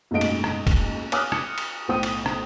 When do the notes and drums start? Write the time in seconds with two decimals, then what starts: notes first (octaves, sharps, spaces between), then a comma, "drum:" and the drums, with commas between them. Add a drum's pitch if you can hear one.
0.11 F#1 G#2 B2 A3 D#5 D7
0.21 drum: cymbal
0.44 drum: rim click
0.67 drum: kick E1, cymbal
1.12 C#5 G#5 D6 D#6 F6 F#6, drum: cymbal
1.32 C#7, drum: rim click
1.58 drum: cymbal
1.88 B1 A2 C5 G5 D#6 D#7
2.03 drum: cymbal
2.26 drum: rim click